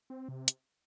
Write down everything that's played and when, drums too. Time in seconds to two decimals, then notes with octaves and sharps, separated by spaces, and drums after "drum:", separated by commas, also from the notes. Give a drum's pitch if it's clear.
0.10 C4
0.28 C3
0.48 drum: hi-hat